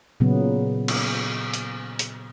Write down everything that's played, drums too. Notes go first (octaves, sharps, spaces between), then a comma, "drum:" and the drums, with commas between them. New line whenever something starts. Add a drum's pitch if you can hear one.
A#2 C#3 F#3 B3
drum: cymbal
drum: hi-hat
drum: hi-hat